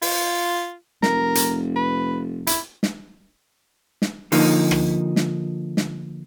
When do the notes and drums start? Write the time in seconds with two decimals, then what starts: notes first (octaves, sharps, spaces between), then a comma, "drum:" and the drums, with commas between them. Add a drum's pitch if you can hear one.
0.02 F4, drum: open hi-hat
1.03 F1 A#4, drum: snare
1.35 drum: hi-hat
1.76 B4
2.47 E4, drum: hi-hat
2.83 drum: snare
4.02 drum: snare
4.32 D3 F3 A#3 D#4, drum: open hi-hat
4.71 drum: rim click
5.16 drum: snare
5.77 drum: snare